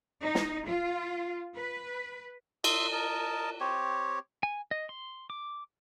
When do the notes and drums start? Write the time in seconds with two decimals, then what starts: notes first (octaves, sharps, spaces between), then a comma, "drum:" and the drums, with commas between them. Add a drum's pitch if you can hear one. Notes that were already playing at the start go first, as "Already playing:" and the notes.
0.22 D#4
0.35 drum: snare
0.67 F4
1.56 B4
2.64 E5 C6 D#6, drum: cymbal
2.92 A#4 D#5 A5
3.60 C4 G4 C#5
4.43 G#5
4.71 D#5
4.89 C6
5.30 D6